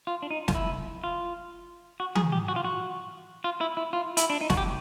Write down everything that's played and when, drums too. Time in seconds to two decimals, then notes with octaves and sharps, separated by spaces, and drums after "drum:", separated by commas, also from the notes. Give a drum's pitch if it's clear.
0.07 F4
0.23 D4
0.31 D#4
0.48 F4, drum: snare
0.55 E4
1.04 F4
2.00 F#4
2.15 G#4, drum: tom E3
2.32 G4
2.48 F#4
2.56 F4
2.64 F#4
3.44 F4
3.61 E4
3.77 E4
3.93 F4
4.17 E4, drum: hi-hat
4.30 D4
4.41 D#4
4.50 F#4, drum: snare
4.57 G4